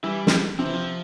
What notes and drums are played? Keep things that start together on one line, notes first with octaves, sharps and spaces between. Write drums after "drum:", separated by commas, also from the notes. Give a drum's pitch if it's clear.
E3 G3 E4
drum: snare
C3 F3 C4
E3
F3